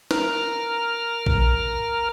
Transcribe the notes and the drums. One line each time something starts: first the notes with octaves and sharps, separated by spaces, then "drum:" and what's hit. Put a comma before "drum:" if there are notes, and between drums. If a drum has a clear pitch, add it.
A#4 F6, drum: snare
drum: kick A#1